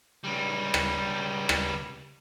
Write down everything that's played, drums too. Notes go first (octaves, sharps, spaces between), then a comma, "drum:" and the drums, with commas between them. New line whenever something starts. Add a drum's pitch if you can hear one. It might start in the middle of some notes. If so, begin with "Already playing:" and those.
C#2 G3
drum: rim click
drum: rim click